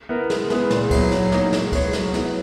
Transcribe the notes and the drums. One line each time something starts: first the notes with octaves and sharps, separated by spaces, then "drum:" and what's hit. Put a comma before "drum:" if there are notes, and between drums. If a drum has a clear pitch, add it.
B3 E4 A#4
G#3, drum: snare
B3 E4 G#4 B4, drum: snare
A#2, drum: snare
F#3 B3 E4, drum: kick, cymbal
F#3, drum: snare
A#3 D#4 G#4 C#5, drum: snare
G#3, drum: snare
B3 E4 G#4 C#5, drum: kick, cymbal
F#3, drum: snare
B3 E4, drum: snare